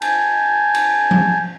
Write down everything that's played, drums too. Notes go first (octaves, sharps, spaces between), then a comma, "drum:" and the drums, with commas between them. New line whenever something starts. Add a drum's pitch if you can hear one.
G#5 A5 G6, drum: cymbal
drum: cymbal
drum: tom F3